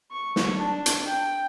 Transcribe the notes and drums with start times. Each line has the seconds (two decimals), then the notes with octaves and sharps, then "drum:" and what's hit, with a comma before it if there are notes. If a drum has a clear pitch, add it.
0.11 C#6
0.36 drum: snare
0.56 D4
0.86 drum: hi-hat
1.06 G5